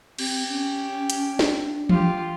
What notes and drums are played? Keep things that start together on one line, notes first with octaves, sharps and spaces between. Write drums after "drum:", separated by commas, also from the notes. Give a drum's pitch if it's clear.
C4 G4, drum: cymbal
C#4
drum: hi-hat
drum: snare
D4
F4 G4, drum: tom E3